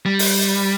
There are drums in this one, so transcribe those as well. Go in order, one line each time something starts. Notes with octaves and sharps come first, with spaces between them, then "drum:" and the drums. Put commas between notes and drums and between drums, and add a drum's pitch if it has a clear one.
G3
drum: open hi-hat